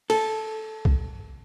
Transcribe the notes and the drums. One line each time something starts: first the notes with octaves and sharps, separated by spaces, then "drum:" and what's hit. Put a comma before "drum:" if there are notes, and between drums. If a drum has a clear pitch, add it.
A4, drum: cymbal
drum: kick B1